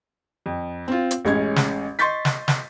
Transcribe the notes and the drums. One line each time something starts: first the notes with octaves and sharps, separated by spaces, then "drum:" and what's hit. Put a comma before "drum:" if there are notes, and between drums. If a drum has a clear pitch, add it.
F2
C4 F4
drum: hi-hat
A1 G#3 C#4 G#6
drum: snare
D#5 C6 C#6 G6 A6 B6
drum: snare
drum: snare